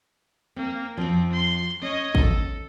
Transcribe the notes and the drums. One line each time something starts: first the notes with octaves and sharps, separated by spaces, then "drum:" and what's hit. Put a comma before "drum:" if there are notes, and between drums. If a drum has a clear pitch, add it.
A#3 C4
F2 F3 C4
C6
C#4 C#5 D#5
A4, drum: kick G#1